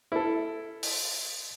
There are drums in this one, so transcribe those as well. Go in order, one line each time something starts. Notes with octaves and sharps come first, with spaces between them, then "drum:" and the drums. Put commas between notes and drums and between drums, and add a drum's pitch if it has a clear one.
E4 A4
drum: open hi-hat